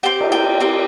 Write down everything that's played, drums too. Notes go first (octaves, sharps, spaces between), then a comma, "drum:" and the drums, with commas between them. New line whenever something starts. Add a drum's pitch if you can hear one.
C4 G4 G5
drum: cymbal
G5
C4 G4